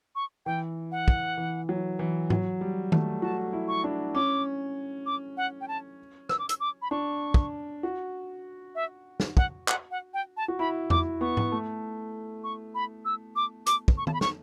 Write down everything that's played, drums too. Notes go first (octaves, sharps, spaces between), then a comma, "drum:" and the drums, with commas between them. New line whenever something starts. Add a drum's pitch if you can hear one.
C#6
E3 G5
F#5
drum: kick
E3
F#3
E3
F#3, drum: tom G#2
G3
A3, drum: tom D#3
F#4 A5
E4
C#6
D4
C#4 D6
D6
F#5
G5
A5
E6, drum: rim click
D6
E6, drum: hi-hat
D6
B5
D4 C#6
drum: kick
F#4
E5
drum: snare
F#5, drum: kick
F#5, drum: clap
F#5
G5
A5
F#4
E4 B5
E4 D6, drum: tom E2
B3 C#6
drum: tom G#2
A3
C#6
B5
E6
D6
D6, drum: hi-hat
drum: kick
C#6
A5, drum: tom D#3
B5
C#6, drum: snare